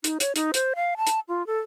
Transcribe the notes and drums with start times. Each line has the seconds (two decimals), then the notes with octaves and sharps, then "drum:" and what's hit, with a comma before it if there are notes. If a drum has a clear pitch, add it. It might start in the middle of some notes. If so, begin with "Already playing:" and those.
0.04 D#4, drum: hi-hat
0.20 C#5, drum: hi-hat
0.36 D#4, drum: hi-hat
0.54 C5, drum: hi-hat
0.76 F5
0.97 A5
1.07 drum: hi-hat
1.29 F4
1.47 A4